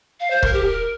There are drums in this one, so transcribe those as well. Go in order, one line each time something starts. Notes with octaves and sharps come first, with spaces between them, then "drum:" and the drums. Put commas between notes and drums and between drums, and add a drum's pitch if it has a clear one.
F5
C5
A#4, drum: kick
G4
A#4